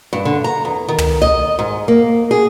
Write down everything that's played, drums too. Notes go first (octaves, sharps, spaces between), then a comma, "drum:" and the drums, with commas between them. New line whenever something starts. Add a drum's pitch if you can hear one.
G2
D3
A#5
E2
D#3
drum: tom
D#5
G#2
A#3
G#4